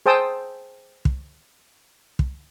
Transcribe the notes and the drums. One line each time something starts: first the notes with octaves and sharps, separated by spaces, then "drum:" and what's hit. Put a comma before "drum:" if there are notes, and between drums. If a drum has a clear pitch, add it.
G#4 C5 G5 A5 D#6 E6
drum: kick
drum: kick